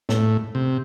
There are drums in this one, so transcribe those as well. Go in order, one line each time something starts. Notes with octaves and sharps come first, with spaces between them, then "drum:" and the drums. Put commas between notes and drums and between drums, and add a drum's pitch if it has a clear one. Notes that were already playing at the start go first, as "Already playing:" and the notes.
A2, drum: snare
C3